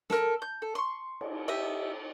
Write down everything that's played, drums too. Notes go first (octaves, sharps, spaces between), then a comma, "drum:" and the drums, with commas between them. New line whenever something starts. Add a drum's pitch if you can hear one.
A4 A#4, drum: snare
G6
A4
C6 C#6
drum: cymbal
G4 D#5 E5